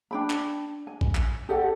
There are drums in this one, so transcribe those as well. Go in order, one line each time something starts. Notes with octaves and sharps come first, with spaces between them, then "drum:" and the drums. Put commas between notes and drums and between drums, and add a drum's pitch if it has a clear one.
D4 G5 B5
drum: clap
G#5
drum: kick A#1
drum: clap
G4 A4 D5 F#5